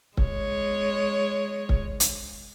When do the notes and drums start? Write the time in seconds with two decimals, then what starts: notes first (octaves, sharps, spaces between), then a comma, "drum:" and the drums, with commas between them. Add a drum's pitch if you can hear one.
0.17 G#3 C#5, drum: kick C#1
1.69 drum: kick C#1
2.00 drum: hi-hat